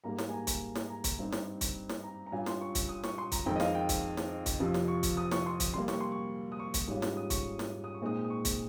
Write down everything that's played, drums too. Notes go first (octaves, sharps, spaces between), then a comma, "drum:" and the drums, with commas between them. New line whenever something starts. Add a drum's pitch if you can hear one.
G#2 G3 A#3 A#5
drum: snare
G#5
A#5
drum: kick, hi-hat
drum: snare
A#5
drum: kick, hi-hat
G2 G3 C4 D#4
drum: snare
drum: kick, hi-hat
drum: snare
A#5
A#5
G2 G3 C#4 F4 G#5
C6, drum: snare
C#6
drum: kick, hi-hat
D#6
C#6, drum: snare
C6
A#5, drum: kick, hi-hat
F2 D#3 G#3 C4 G5
D#5
F5, drum: snare
G5
drum: kick, hi-hat
drum: snare
drum: kick, hi-hat
F2 C3 F3
drum: snare
C#6
drum: kick, hi-hat
D#6
C#6, drum: snare
C6
drum: kick, hi-hat
C3 G3 A#3 C6
C#6, drum: snare
C6
C#6
D#6
C#6
drum: kick, hi-hat
G#2 G3 C#4 F4
drum: snare
D#6
C#6, drum: kick, hi-hat
drum: snare
D#6
C#6
A#2 G#3 C4 D#4 D#6
D#6
C#6
drum: kick, hi-hat